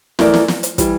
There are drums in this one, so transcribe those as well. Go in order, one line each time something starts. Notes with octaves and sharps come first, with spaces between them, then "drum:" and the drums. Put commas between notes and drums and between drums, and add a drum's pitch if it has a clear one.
E3 A3 E4 A#4 D5, drum: snare
drum: snare
drum: snare
drum: hi-hat
E3 G3, drum: kick, hi-hat